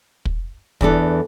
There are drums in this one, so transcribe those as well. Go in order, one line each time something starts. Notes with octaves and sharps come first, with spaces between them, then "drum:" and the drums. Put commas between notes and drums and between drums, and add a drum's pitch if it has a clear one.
drum: kick
E2 E3 D4 A4, drum: kick